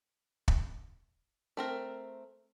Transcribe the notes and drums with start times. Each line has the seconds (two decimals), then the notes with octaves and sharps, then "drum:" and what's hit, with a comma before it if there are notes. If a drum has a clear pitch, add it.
0.48 drum: kick
1.57 A3 C4 A#4